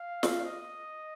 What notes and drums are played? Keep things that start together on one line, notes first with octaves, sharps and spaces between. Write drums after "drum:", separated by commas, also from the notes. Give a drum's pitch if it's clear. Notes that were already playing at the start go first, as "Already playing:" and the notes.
Already playing: F5
drum: snare
D#5